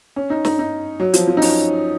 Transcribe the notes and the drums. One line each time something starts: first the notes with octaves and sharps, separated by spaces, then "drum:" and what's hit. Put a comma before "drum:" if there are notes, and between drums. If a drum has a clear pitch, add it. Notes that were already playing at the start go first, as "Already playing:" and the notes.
C#4
D#4
D#4, drum: snare
D#4
F#3
F3, drum: hi-hat
F3
D#4
C#4, drum: open hi-hat